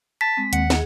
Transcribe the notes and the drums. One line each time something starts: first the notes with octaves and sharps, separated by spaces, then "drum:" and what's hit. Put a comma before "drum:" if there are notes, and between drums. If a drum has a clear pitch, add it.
A5 B6
G#3 C4
D#2 F#5, drum: hi-hat
G#4, drum: snare